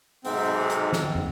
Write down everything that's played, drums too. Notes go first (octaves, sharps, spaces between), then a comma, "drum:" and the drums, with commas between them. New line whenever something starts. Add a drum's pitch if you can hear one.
B1 G#2 C3 C4, drum: open hi-hat
drum: hi-hat
drum: snare
drum: tom